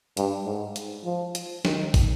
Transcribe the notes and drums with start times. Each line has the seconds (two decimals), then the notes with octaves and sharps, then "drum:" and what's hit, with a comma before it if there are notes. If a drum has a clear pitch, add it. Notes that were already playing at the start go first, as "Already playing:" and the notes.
0.17 G2, drum: hi-hat
0.46 G#2
0.76 drum: hi-hat
1.05 F3
1.35 drum: hi-hat
1.65 D#3, drum: snare
1.94 drum: kick, open hi-hat